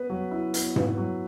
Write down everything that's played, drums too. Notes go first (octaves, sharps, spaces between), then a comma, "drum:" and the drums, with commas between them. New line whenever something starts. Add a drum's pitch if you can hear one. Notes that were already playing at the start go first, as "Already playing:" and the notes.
Already playing: B3 B4
F#3
E4
B3, drum: hi-hat
B4, drum: tom G#2
F#3